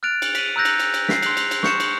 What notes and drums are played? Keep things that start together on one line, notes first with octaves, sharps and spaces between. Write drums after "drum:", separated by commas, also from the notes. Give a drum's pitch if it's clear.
F6 F#6 A6 D7 F7
drum: cymbal
B6 D#7, drum: cymbal
A#5 E6 F#6 G6 A#6
drum: cymbal
drum: cymbal
drum: cymbal
B6 C7, drum: snare
C6 F#6, drum: cymbal
drum: cymbal
drum: cymbal
C#6 G6 C#7 E7, drum: snare
drum: cymbal